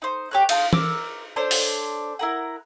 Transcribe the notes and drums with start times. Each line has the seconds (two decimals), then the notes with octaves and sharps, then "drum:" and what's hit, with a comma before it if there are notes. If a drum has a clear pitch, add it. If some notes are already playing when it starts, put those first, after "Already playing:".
0.02 D#4 C5
0.31 G4 C#5 F#6
0.49 D#4 F4 F5 A5, drum: cymbal
0.73 A#4 D6 E6, drum: tom E3
1.36 D4 A4 C5 C#5
1.51 drum: open hi-hat
2.19 E4 A#4 F#5